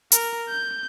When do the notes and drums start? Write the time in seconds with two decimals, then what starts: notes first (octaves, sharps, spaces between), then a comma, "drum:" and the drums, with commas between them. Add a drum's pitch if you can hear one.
0.12 A#4, drum: hi-hat
0.49 G6